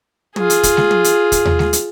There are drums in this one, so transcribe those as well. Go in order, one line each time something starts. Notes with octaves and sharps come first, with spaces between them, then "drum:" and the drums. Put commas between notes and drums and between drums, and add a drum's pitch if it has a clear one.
F4 G#4, drum: tom
drum: hi-hat
drum: kick, hi-hat
drum: snare G#3
drum: tom
drum: hi-hat
drum: kick, hi-hat
drum: tom D#2
drum: snare G#3
drum: hi-hat